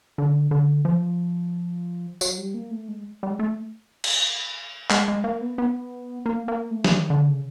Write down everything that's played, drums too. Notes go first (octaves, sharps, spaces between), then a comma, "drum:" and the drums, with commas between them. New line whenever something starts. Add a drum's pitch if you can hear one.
D3
D3
F3
F#3, drum: tambourine
G3
A#3
A3
G#3
G3
G#3
A3
drum: cymbal
G#3, drum: clap
G#3
A#3
B3
B3
A#3
A#3
A3
E3, drum: snare
D#3
D3
C#3